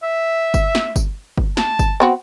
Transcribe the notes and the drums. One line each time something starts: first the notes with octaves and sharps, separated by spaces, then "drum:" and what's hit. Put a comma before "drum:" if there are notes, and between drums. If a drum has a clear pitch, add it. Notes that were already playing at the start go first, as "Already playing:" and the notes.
E5
drum: kick G1, tambourine
drum: snare
drum: kick G1, tambourine
drum: kick G1
A5, drum: snare
drum: kick G1, tambourine
B3 C4 F#4